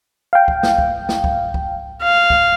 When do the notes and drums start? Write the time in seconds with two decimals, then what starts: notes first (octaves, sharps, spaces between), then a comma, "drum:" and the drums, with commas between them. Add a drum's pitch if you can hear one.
0.33 F5 G5
0.48 drum: kick
0.63 drum: snare
0.78 drum: kick
1.09 drum: snare
1.24 drum: kick
1.54 drum: kick
2.03 F5
2.30 drum: kick